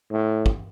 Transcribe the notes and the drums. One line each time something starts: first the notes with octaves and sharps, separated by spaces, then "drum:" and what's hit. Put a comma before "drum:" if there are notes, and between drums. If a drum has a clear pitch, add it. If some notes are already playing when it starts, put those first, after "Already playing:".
A2
drum: kick